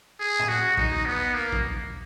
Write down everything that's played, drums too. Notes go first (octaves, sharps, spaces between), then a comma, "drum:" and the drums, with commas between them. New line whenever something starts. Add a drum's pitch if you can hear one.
G#4
drum: tom A2
F#4
D#4, drum: kick A1
B3
A#3
drum: kick A1